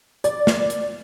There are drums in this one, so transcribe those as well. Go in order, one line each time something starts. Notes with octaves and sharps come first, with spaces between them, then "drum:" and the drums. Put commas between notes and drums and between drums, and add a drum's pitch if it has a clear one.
D5, drum: hi-hat
drum: snare
drum: hi-hat